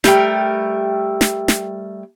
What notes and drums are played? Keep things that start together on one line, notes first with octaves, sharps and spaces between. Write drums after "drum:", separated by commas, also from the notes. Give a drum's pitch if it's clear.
G3 A3 A#4 G5, drum: snare
drum: snare
drum: snare